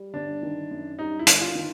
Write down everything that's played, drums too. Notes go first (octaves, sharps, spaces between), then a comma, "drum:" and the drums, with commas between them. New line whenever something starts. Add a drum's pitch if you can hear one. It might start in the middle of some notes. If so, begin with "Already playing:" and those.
Already playing: G3
G1 D4
D#3
F#2
G3 D#4
E4
G1, drum: hi-hat
F4
D#3